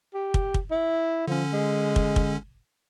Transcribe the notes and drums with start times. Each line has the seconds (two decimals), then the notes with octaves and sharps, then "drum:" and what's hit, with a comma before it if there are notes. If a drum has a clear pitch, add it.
0.14 G4
0.34 drum: kick
0.54 drum: kick
0.71 E4
1.27 D3 F3 C#4
1.53 G#3
1.96 drum: kick
2.16 drum: kick